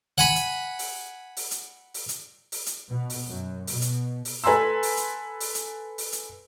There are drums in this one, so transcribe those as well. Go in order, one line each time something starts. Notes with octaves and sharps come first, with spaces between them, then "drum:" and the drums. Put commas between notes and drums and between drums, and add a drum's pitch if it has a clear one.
F#5 G#5 B5
drum: hi-hat
drum: open hi-hat
drum: open hi-hat
drum: hi-hat
drum: open hi-hat
drum: hi-hat
drum: open hi-hat
drum: hi-hat
B2
drum: open hi-hat
F#2
B2, drum: open hi-hat
drum: hi-hat
drum: open hi-hat
A4 B4 G#5 A#5 C6 E6
drum: open hi-hat
drum: hi-hat
drum: open hi-hat
drum: hi-hat
drum: open hi-hat
drum: hi-hat